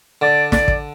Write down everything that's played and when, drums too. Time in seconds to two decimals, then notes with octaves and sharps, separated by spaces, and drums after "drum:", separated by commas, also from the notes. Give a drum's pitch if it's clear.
0.21 D3 D5
0.52 D5, drum: snare
0.68 drum: kick